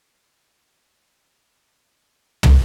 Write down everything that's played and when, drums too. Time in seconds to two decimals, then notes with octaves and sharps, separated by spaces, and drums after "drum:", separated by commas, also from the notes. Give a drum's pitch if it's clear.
0.05 A#6 C7
2.43 drum: tom